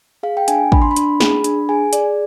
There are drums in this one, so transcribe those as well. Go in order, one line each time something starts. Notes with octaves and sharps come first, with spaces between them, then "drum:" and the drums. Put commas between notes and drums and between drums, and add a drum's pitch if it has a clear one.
G#4 F5
G5
D4 G#5, drum: hi-hat
D4 B5, drum: kick
C6
B5
D4, drum: hi-hat
G#4, drum: snare
D4, drum: hi-hat
G#4 G#5
G#4 D5, drum: hi-hat